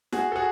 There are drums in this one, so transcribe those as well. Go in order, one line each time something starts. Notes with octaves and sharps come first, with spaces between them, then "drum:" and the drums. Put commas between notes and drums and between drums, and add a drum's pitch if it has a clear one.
F#4 G#4, drum: snare E4
A4
F#4 G#4